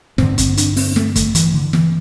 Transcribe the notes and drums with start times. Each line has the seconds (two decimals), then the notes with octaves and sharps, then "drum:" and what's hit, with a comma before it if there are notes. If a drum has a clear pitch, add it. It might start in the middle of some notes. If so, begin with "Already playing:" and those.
0.18 G2 D3 C4, drum: snare
0.38 C4, drum: kick, hi-hat
0.57 D4, drum: hi-hat
0.76 C4, drum: open hi-hat
0.96 A3, drum: snare
1.16 A3, drum: kick, hi-hat
1.35 E3, drum: hi-hat
1.54 D3
1.73 E3, drum: snare